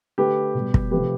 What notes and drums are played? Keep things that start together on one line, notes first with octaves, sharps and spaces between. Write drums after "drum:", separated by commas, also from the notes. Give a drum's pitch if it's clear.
D3 A3 G4 B4
B2 G3
drum: kick
C3 F3 A3 G4 B4